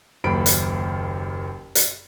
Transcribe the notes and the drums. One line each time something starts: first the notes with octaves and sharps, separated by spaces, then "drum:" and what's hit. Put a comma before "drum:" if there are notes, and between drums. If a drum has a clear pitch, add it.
F#1 D#2 B5 D7
drum: hi-hat
drum: hi-hat